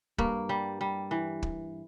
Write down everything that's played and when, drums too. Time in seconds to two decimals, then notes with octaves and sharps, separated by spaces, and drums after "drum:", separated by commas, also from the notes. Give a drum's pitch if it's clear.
0.18 G2 A#3, drum: kick
0.49 G3
0.81 G3
1.11 E3
1.43 drum: kick